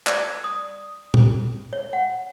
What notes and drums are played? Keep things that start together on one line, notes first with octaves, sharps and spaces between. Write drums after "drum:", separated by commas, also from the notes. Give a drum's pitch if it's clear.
D5, drum: clap
D#6
drum: tom
C#5
F#5